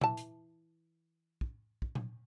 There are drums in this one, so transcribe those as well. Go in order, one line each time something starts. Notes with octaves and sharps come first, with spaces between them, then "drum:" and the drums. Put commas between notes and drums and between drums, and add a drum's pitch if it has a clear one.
E3 A5, drum: tom A#2
drum: hi-hat
drum: kick
drum: kick
drum: tom A#2